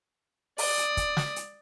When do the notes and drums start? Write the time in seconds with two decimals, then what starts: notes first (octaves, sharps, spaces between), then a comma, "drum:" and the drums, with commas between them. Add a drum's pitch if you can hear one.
0.58 D5 D#6, drum: open hi-hat
0.78 drum: hi-hat
0.97 drum: kick, hi-hat
1.17 drum: snare
1.36 drum: hi-hat